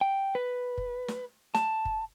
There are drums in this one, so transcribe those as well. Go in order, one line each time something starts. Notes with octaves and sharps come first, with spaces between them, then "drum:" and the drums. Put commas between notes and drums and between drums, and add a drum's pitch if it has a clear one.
G5
B4
drum: kick
drum: snare
A5, drum: snare
drum: kick